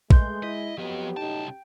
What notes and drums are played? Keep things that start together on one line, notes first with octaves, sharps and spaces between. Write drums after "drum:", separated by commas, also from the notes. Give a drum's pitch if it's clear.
G#3 A3 B4 C6 G6, drum: kick
E4 D#5 B6
F2 F3 F#3 B3 G4 D#5
C2 F#2 A2 D#4 G5 A5